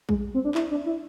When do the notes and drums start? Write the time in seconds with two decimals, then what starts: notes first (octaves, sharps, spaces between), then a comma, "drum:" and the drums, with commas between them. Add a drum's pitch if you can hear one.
0.09 G#3, drum: kick A#1
0.34 C4
0.45 D4
0.55 E4, drum: clap
0.71 D4
0.86 E4